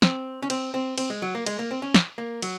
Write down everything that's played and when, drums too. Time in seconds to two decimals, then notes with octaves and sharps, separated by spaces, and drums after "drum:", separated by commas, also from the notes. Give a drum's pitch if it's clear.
0.02 C4, drum: snare
0.42 C#4
0.50 C4, drum: cymbal
0.74 C4
0.98 C4, drum: cymbal
1.10 G#3
1.22 F#3
1.35 A#3
1.46 G#3, drum: cymbal
1.59 A#3
1.71 C4
1.82 C#4
1.94 drum: snare
2.18 A#3
2.42 F#3, drum: cymbal